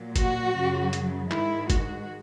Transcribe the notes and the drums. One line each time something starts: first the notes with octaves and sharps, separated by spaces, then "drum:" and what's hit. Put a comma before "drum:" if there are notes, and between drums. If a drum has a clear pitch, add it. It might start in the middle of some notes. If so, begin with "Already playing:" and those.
Already playing: A#2 F#3
F#4, drum: kick G1, hi-hat
F#2 C#3 F#3
drum: hi-hat
G#2 D#3 G#3 E4, drum: clap
F#4, drum: kick G1, hi-hat